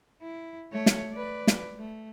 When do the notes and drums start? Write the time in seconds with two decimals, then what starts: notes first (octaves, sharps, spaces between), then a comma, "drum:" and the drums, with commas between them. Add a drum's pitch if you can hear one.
0.21 E4
0.72 A3 C#5
0.86 drum: snare
1.13 B4 D5
1.47 drum: snare
1.78 A3